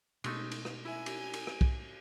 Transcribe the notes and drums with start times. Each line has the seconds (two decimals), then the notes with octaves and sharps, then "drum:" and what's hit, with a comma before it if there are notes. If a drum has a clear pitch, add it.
0.24 B2 G#3 A3 B3 D#4, drum: cymbal
0.52 drum: cymbal
0.65 drum: rim click
0.85 E4 G#5
1.06 drum: cymbal
1.34 drum: cymbal
1.47 drum: rim click
1.61 drum: kick B1